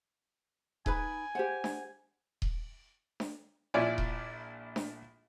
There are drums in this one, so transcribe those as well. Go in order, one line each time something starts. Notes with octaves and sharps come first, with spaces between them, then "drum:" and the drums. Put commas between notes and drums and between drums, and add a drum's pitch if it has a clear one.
D#4 B4 G#5 B5, drum: kick D#1
G4 C5 F#5
drum: snare D4
drum: kick D#1
drum: snare D4
A#1 E4 F4 C#5 D5 G#5
drum: kick D#1
drum: snare D4